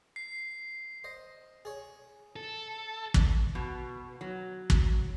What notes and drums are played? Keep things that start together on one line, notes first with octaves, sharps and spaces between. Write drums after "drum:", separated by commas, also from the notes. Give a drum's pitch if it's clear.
C7
C5 D#5
G#4 C#5
A4
E2, drum: kick
B2
F#3
drum: kick